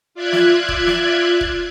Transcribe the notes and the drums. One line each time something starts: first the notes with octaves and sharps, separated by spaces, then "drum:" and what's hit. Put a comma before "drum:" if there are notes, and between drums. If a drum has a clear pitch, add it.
F4 D5 E5 F#6 G#6
drum: snare
drum: kick
drum: snare
drum: kick